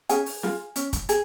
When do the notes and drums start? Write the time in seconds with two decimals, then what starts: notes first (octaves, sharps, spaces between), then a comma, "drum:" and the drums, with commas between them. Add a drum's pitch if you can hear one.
0.09 C#4 G#4 G#5, drum: hi-hat
0.26 drum: open hi-hat
0.43 F4 G#4, drum: snare
0.76 C#4, drum: hi-hat
0.93 drum: kick, hi-hat
1.09 G#4, drum: hi-hat